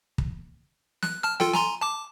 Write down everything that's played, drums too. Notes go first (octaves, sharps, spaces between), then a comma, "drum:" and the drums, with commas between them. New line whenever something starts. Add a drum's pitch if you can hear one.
drum: kick
F#6, drum: snare
A5 F6
F4 A4 G5, drum: snare
G#5 A#5 C6, drum: snare
A5 D6